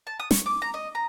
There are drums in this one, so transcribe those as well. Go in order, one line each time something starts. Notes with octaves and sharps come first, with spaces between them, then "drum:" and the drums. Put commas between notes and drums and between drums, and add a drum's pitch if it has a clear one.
A5
D#6
C#6, drum: snare
D6
A#5
D#5
A#5